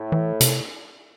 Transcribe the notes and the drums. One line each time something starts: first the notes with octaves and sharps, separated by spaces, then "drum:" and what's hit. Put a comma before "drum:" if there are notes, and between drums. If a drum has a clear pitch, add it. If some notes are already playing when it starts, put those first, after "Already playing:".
Already playing: A2
E3
C3, drum: hi-hat